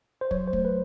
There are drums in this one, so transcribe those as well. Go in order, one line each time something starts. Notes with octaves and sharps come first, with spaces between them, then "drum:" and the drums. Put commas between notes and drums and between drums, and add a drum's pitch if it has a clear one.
C5
F#3 C#5, drum: kick
C5
A3, drum: kick
B4